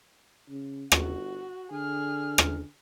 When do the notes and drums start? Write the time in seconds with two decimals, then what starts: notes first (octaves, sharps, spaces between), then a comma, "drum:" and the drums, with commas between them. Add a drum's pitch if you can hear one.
0.50 C#3
0.92 G1 F#4, drum: rim click
1.71 D3 G#4 F6
2.38 drum: rim click